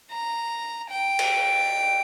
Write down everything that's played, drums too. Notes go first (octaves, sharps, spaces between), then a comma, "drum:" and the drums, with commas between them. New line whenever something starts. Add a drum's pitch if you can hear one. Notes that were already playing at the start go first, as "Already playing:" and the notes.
A#5
G5
drum: cymbal